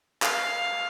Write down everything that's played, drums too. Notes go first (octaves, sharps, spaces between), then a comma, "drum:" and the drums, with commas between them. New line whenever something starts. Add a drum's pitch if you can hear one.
F5, drum: clap